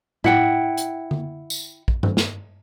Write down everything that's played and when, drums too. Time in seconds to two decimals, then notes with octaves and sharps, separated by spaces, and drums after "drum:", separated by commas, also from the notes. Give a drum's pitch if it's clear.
0.24 E4 F#5 G5, drum: tom A2
0.77 drum: hi-hat
1.11 drum: tom D3
1.50 drum: tambourine
1.88 drum: kick
2.03 drum: tom G2
2.17 drum: snare